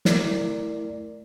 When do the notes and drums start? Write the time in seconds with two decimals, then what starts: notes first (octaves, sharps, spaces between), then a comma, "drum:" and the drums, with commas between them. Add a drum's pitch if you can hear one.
0.05 A3 E4 A#4 D5, drum: snare